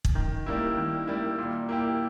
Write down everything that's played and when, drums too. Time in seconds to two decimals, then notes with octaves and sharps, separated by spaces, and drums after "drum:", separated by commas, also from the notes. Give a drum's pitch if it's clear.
0.05 drum: kick
0.15 D#3
0.46 G3 A#3 E4
0.77 D#3
1.07 G3 A#3 E4
1.38 A#2
1.69 A#3 E4 G4